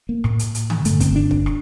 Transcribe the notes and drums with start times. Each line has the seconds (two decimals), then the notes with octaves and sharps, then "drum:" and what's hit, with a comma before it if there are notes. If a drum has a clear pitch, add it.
0.09 A#3
0.24 A2, drum: rim click
0.39 drum: hi-hat
0.55 drum: hi-hat
0.70 drum: tom D3
0.85 G2 D3 A3, drum: hi-hat
1.00 C4, drum: kick, hi-hat
1.16 D4
1.31 drum: kick
1.46 drum: rim click